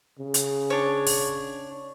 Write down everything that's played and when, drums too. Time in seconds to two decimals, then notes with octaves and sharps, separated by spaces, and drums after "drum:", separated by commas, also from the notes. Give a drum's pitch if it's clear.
0.19 C#3
0.34 drum: hi-hat
0.70 D4 C#5
1.07 drum: open hi-hat